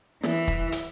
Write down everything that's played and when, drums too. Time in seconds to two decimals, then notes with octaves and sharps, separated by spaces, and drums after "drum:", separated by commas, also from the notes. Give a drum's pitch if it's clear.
0.23 E3, drum: snare
0.48 drum: kick
0.72 drum: hi-hat